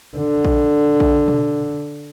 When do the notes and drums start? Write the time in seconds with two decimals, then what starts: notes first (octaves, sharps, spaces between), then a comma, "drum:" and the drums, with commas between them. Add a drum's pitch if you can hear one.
0.17 D3
0.45 drum: kick A#1
1.00 drum: kick A#1
1.28 drum: tom B2